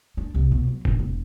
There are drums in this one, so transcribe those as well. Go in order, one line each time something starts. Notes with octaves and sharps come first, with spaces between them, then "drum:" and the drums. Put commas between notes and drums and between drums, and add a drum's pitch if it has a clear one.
D4
C2
B2
F#3
A#1, drum: kick
E1